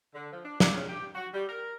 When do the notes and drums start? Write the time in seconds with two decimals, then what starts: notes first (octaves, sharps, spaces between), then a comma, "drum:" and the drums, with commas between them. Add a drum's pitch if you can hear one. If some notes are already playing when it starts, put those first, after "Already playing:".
0.14 D3
0.32 F3
0.45 D4
0.60 D5, drum: snare
0.75 C#3
0.88 G4
1.14 F#4
1.33 G3
1.47 A#4